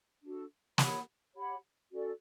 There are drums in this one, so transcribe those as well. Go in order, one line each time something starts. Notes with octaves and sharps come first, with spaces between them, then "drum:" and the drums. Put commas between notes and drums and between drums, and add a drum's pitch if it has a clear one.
D4 F#4 A4
G4 C#5 F#5 B5, drum: snare
G4 C#5 F#5 B5
C#4 F#4 A4 D5